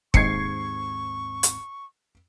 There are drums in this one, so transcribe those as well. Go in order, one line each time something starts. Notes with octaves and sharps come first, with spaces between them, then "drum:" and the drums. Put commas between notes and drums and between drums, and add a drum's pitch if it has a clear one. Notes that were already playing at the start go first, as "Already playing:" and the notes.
D#2 G#2 C4 C#6 G#6 C7 C#7, drum: kick
drum: hi-hat